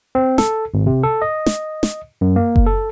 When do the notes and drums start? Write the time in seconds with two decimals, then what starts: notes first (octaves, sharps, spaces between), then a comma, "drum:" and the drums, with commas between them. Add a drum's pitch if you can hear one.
0.15 C4
0.38 A4, drum: snare
0.74 G#1
0.86 C3
1.03 A4
1.22 D#5
1.46 drum: snare
1.83 drum: snare
2.21 F#2
2.36 A#3
2.56 drum: kick F#1
2.66 A4